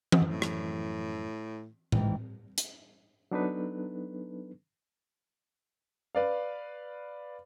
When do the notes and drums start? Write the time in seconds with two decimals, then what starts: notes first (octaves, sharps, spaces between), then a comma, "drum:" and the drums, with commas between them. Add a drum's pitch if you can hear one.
0.12 drum: tom E3
0.22 F#2 A2 E3 F3
0.42 drum: rim click
1.92 G#1 C#2 G#2 D3 E3 G5, drum: tom A2
2.58 drum: hi-hat
3.31 F#3 B3 D4 D#4 A4 B4
6.15 B4 D5 F5